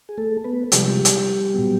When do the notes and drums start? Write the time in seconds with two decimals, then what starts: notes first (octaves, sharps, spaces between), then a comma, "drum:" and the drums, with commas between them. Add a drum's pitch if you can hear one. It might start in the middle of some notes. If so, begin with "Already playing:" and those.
0.09 G#4
0.18 A3 A4
0.44 B3 B4
0.72 C3 F3 G3 G#3 G4, drum: hi-hat
1.05 drum: hi-hat
1.54 A#2 F#3 B3